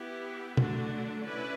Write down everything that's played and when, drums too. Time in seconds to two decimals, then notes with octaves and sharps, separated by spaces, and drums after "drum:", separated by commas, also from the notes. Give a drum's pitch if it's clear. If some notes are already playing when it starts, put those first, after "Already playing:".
Already playing: B3 E4 G4
0.57 D3 F#3 A3 D4 F#4, drum: tom
1.23 C#4 E4 B4 D5